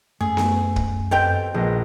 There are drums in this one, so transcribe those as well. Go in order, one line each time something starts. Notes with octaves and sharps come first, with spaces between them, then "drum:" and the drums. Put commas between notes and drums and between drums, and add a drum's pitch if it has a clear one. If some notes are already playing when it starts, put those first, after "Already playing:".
F#2 A3 G#4
drum: snare B3
drum: kick
B2 C4 G4 A4 G5
A#1 G#4 B4 D#5